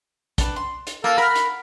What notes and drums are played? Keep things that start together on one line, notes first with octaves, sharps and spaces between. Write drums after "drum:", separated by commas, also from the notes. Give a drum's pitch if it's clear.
D4 B4, drum: kick, hi-hat
C6
drum: hi-hat
A#3 F4 A4 G6
A#4 F#5 B5 F6
drum: hi-hat